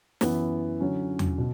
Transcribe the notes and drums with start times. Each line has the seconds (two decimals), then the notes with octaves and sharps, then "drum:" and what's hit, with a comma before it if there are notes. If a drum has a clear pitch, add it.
0.21 F#2 E3 B3 E4, drum: snare
0.80 D3 F#3 C#4
1.19 drum: tom E2
1.38 B2